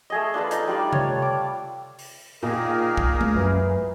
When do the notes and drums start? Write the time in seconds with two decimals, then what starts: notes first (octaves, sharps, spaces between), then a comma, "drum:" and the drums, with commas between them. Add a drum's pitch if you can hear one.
0.10 A3 G#4 D#5
0.34 D4 F4 A4 B4
0.51 D#4, drum: hi-hat
0.67 G3 F4 D5
0.93 C#5, drum: tom C3
1.22 D6
1.99 drum: open hi-hat
2.43 A#2 D#3 G#4 A#4
2.97 drum: kick
3.21 drum: tom G#3
3.35 F#2 E3